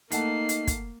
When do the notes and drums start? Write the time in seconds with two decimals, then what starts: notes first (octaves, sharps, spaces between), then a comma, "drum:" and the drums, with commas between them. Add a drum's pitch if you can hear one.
0.12 A3 A#3 D#4 F#5 A5 C7, drum: hi-hat
0.49 drum: hi-hat
0.67 drum: kick, hi-hat